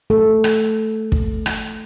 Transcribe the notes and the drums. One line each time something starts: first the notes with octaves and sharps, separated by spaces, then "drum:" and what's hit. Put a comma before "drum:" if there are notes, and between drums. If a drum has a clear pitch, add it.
A3 A4
drum: rim click
drum: kick
drum: rim click